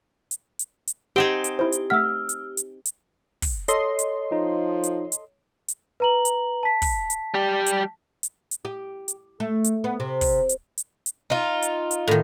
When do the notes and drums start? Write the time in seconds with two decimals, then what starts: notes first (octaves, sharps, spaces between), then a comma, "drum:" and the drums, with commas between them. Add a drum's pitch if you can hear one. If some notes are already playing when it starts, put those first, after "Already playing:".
0.31 drum: hi-hat
0.59 drum: hi-hat
0.88 drum: hi-hat
1.16 C4 D#4 G4 G#4 F#5 E7 G7
1.44 drum: hi-hat
1.59 E4 C5
1.73 drum: hi-hat
1.90 A3 F#5 E6 F6 B6
2.29 drum: hi-hat
2.57 drum: hi-hat
2.86 drum: hi-hat
3.42 drum: kick, open hi-hat
3.68 A4 C#5 D#5 C6, drum: hi-hat
3.99 drum: hi-hat
4.32 F3 D#4
4.84 drum: hi-hat
5.12 drum: hi-hat
5.69 drum: hi-hat
6.00 B4 A#5 F#7
6.25 drum: hi-hat
6.63 A5 B6
6.82 drum: kick, open hi-hat
7.10 drum: hi-hat
7.34 G3 G4
7.67 drum: hi-hat
8.23 drum: hi-hat
8.51 drum: hi-hat
8.65 G4
9.08 drum: hi-hat
9.40 A3
9.65 drum: hi-hat
9.84 B3
10.00 C3
10.21 drum: kick, open hi-hat
10.49 drum: hi-hat
10.78 drum: hi-hat
11.06 drum: hi-hat
11.30 D#4 F4
11.63 drum: hi-hat
11.91 drum: hi-hat
12.08 A2 D#3